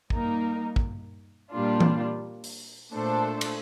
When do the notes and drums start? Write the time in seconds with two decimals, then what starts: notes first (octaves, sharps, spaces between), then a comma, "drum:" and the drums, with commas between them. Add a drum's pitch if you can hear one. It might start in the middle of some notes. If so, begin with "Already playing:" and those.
0.10 G3 A#3 D#4 A#4, drum: kick
0.76 drum: kick
1.52 A#2 G3 A#3 D4 F4
1.80 drum: tom E3
2.44 drum: open hi-hat
2.93 A#2 A3 D4 A4 C5
3.41 drum: cymbal